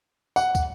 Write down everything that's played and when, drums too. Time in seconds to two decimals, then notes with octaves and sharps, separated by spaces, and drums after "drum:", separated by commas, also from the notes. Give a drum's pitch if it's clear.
0.36 F#5, drum: tambourine
0.55 drum: kick, tambourine